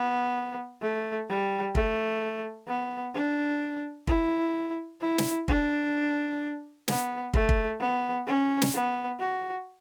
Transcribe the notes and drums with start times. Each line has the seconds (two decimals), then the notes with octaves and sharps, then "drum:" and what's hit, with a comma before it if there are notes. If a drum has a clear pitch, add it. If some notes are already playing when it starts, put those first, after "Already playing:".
Already playing: B3
0.82 A3
1.29 G3
1.75 A3, drum: kick
2.68 B3
3.14 D4
4.07 E4, drum: kick
5.01 E4
5.18 drum: snare
5.48 D4, drum: kick
6.88 B3, drum: snare
7.34 A3, drum: kick
7.49 drum: kick
7.80 B3
8.27 C#4
8.62 drum: snare
8.74 B3
9.20 F#4